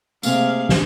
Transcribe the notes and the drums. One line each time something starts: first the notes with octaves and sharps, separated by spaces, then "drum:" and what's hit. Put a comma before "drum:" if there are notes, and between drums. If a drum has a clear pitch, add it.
C3 A3 A#3 C4 G#4 F5, drum: tambourine
drum: snare